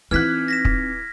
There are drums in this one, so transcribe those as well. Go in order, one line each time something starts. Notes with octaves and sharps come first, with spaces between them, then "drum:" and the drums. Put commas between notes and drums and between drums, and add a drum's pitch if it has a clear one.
E3 C4 D#4 F6 F#6 G#6 B6
A#6 B6 E7
drum: kick